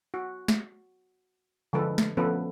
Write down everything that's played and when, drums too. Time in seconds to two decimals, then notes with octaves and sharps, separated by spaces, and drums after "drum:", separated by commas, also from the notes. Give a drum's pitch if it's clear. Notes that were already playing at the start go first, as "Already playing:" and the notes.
0.14 F#4
0.48 drum: snare
1.73 D3 F3 G#3 A4 B4
1.98 drum: snare
2.17 F3 A3 B3 C#4 A4 B4